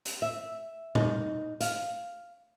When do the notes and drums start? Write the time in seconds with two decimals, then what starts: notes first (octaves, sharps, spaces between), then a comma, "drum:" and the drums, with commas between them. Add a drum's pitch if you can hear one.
0.05 drum: hi-hat
0.22 E5
0.95 D#4, drum: tom A#2
1.61 F5, drum: hi-hat